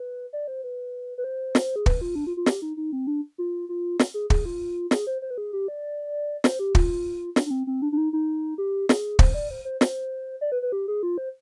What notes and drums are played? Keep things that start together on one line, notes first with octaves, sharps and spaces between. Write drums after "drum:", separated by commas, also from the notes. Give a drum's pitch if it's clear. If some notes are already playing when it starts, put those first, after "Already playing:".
Already playing: B4
D5
C5
B4
B4
C5
drum: snare
G#4
B4, drum: kick
F4
D4
F4
F4
G4, drum: snare
D#4
D#4
C4
D4
F4
F4
drum: snare
G#4
G#4, drum: kick
F4
G#4, drum: snare
C5
C5
B4
G#4
G4
D5
C5, drum: snare
G4
F4, drum: kick
D4, drum: snare
D4
C4
C4
D4
D4
D#4
D#4
G4
G#4, drum: snare
C5, drum: kick
D5
C5
C5
C5, drum: snare
D5
B4
B4
G4
G#4
F4
C5